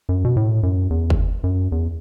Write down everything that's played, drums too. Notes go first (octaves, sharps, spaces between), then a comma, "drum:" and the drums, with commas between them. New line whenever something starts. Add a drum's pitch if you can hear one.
F#2
B2
A2
F#2
E2
drum: kick
F#2
E2